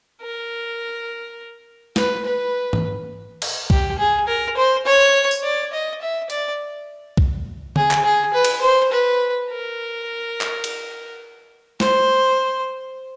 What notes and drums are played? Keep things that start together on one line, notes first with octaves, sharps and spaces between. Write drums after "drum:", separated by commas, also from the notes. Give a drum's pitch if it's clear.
A#4
B4, drum: snare
B4
drum: tom
drum: cymbal
G4, drum: kick B1
G#4
A#4
C5
C#5
drum: tambourine
D5
D#5
E5
D5, drum: hi-hat
drum: kick B1
G#4, drum: tom D3
drum: clap
G#4
B4
drum: cymbal
C5
B4
A#4
drum: clap
drum: cymbal
C5, drum: snare